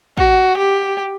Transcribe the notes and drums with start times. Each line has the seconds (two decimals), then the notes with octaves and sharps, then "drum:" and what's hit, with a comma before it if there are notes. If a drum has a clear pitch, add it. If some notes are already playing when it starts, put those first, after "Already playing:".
0.17 F#4, drum: kick
0.58 G4